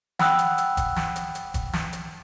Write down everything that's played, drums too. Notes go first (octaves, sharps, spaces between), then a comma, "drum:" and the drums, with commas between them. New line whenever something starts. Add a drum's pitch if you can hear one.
F#5 G5 B5 D#6 E6 F#6, drum: snare
drum: hi-hat
drum: hi-hat
drum: kick, hi-hat
drum: snare
drum: hi-hat
drum: hi-hat
drum: kick, hi-hat
drum: snare
drum: hi-hat